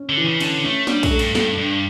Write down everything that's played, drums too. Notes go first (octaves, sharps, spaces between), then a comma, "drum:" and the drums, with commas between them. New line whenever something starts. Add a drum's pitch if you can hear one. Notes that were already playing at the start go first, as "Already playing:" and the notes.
Already playing: C#4
D3
E3
C#3
D3 C#4, drum: cymbal
A3 C#4
G3 D4, drum: snare
F#3, drum: kick, cymbal
A3
G2, drum: cymbal
G2 A4, drum: snare
G2 D4